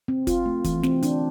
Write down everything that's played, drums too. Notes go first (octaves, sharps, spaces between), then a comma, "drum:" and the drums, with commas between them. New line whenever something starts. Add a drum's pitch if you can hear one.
C4
F4, drum: kick, hi-hat
A3
E3, drum: kick, hi-hat
C4, drum: snare
D4, drum: hi-hat